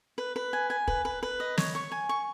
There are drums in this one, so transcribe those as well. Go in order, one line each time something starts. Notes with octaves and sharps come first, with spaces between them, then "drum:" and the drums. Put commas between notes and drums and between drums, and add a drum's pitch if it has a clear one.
B4
B4
G#5
G#5
B4, drum: kick
B4
B4
D#5
C#5, drum: snare
C#6
G#5
C#6